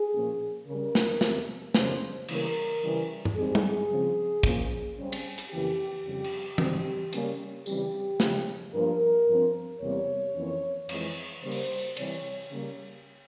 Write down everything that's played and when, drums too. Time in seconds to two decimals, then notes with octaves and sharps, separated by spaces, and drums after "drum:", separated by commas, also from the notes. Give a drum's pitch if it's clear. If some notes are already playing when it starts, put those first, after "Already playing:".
Already playing: G#4
0.14 A#2 F3 A#3 C#4
0.67 C#3 G3 C#4 A#4
0.95 drum: snare
1.21 E2 C3 F3, drum: snare
1.74 F2 C#3 G3 A#3 C#4 C5, drum: snare
2.28 C#3 E3 G3 A#3 C#4 A#4, drum: cymbal
2.82 C#3 E3 G3
3.25 drum: tom G2
3.36 G#2 G3 C4 G#4
3.55 drum: tom G3
3.90 C#3 F3 C4
4.43 A#2 F3 A#3 C#4, drum: kick
4.98 C#3 G3 C4
5.12 drum: cymbal
5.38 drum: hi-hat
5.51 F2 C#3 E3 A#3 G4
6.05 F2 C#3 G3
6.24 drum: cymbal
6.58 G#2 G3 C4, drum: tom E3
7.13 C#3 G3 A#3 C#4, drum: hi-hat
7.66 C#3 E3 G3 C4 G4, drum: tambourine
8.20 C#3 F3 G#3, drum: snare
8.74 G2 F3 A#3 A#4
9.28 G2 F3 C4
9.81 E2 C3 G3 A#3 C#5
10.35 F2 E3 A#3 C#4
10.89 F2 E3 G#3, drum: cymbal
11.42 C#3 G3 A#3 C#4 C5
11.52 drum: open hi-hat
11.97 C3 E3 G3 C#5, drum: cymbal
12.50 C#3 G3 A#3